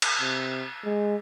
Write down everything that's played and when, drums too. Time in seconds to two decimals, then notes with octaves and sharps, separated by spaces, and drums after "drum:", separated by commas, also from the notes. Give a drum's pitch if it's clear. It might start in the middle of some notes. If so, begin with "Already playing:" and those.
0.02 drum: cymbal
0.21 C3
0.84 G#3